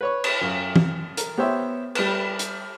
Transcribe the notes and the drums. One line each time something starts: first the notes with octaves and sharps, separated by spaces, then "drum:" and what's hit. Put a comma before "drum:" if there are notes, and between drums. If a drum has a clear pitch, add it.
B4 C#5 C#6
drum: cymbal
F#2 F4
drum: tom
A#4, drum: hi-hat
B3 G4 C5 C#5 E5
G3 B4, drum: cymbal
drum: hi-hat